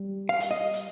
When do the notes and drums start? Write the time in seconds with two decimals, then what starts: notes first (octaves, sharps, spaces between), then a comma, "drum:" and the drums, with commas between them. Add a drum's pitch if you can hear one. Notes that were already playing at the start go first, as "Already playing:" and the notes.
Already playing: G3
0.29 F5
0.40 drum: hi-hat
0.51 D#5
0.73 drum: hi-hat